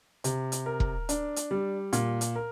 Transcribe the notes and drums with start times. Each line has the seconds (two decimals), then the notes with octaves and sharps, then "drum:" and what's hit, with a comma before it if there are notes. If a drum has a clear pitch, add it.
0.24 C3, drum: hi-hat
0.52 drum: hi-hat
0.66 A#4
0.80 drum: kick E1
1.09 D4, drum: hi-hat
1.36 drum: hi-hat
1.51 G3
1.93 A#2, drum: hi-hat
2.21 drum: hi-hat
2.36 A#4